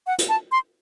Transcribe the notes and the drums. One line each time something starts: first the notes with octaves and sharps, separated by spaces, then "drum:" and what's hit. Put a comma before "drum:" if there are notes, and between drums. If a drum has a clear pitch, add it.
F#5
drum: hi-hat
A5
C6